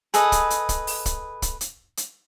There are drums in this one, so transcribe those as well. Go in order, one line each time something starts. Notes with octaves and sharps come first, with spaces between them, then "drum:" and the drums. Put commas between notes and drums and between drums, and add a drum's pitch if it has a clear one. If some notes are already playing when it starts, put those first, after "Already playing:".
G#4 A4 B4 D#5, drum: hi-hat
drum: kick, hi-hat
drum: hi-hat
drum: kick, hi-hat
drum: open hi-hat
drum: kick, hi-hat
drum: kick, hi-hat
drum: hi-hat
drum: hi-hat